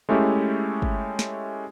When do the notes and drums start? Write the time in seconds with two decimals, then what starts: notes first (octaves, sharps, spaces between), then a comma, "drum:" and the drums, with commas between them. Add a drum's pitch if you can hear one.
0.09 G#3 A3 C#4 E4 G4 A4
0.82 drum: kick
1.19 drum: snare